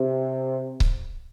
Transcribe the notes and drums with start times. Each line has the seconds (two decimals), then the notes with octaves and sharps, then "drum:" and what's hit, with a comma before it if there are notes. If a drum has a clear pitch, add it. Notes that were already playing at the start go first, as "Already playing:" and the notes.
Already playing: C3
0.80 drum: kick C#1